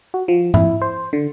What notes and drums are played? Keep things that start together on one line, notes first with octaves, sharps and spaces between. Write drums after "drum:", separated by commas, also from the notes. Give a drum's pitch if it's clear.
F#4
F3
E4, drum: tom G#2
C5
D3